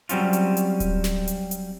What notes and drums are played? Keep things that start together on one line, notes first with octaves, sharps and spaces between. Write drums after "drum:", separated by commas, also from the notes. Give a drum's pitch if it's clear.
F#3 G3 C4 C#4 F4, drum: hi-hat
drum: hi-hat
drum: hi-hat
drum: kick D1, hi-hat
drum: snare
drum: hi-hat
drum: hi-hat